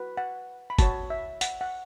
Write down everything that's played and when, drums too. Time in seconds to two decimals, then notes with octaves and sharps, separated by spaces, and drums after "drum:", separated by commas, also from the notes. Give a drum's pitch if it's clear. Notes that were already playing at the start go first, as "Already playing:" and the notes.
Already playing: F#4 B4
0.17 F#5
0.70 B5
0.79 F#4 C#5 A5, drum: kick, hi-hat
1.10 E5
1.41 F#5, drum: hi-hat
1.61 F#5